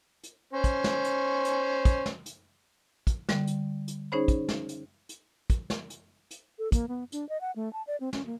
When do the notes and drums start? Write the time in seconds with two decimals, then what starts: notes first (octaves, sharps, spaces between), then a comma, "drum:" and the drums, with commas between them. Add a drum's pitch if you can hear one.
0.24 drum: hi-hat
0.53 C#4 C5
0.64 drum: kick, hi-hat
0.84 drum: snare
1.04 drum: hi-hat
1.45 drum: hi-hat
1.85 drum: kick, hi-hat
2.06 drum: snare
2.26 drum: hi-hat
3.07 drum: kick, hi-hat
3.29 D3 G3, drum: snare
3.47 drum: hi-hat
3.88 drum: hi-hat
4.12 C#4 D#4 G#4 C5 C#5 B5
4.28 drum: kick, hi-hat
4.48 drum: snare
4.69 drum: hi-hat
5.09 drum: hi-hat
5.50 drum: kick, hi-hat
5.70 drum: snare
5.90 drum: hi-hat
6.31 drum: hi-hat
6.59 A4
6.72 A#3, drum: kick, hi-hat
6.88 B3
7.12 D4, drum: hi-hat
7.29 D#5
7.41 F#5
7.56 A3
7.73 A5
7.87 D5
8.00 C4
8.13 C#4, drum: snare
8.26 A#3